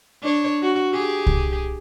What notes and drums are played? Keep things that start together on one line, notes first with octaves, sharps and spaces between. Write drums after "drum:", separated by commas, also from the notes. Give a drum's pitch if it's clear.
D4 C#5
F#4
G4 G#4
drum: kick C2